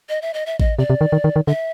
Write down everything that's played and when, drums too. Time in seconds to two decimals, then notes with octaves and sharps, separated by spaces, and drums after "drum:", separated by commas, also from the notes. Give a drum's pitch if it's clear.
0.09 D#5
0.22 E5
0.34 D#5
0.46 E5
0.60 D#5, drum: kick A1
0.78 C3 D5
0.90 C3
1.01 D#3
1.12 D#3
1.24 D#3
1.36 D#3
1.47 D3 E5